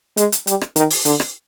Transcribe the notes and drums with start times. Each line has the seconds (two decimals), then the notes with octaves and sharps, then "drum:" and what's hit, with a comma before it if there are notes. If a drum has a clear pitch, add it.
0.17 G#3, drum: hi-hat
0.32 drum: hi-hat
0.47 G3, drum: hi-hat
0.61 drum: rim click
0.76 D#3, drum: hi-hat
0.91 drum: open hi-hat
1.05 D3, drum: hi-hat
1.20 drum: rim click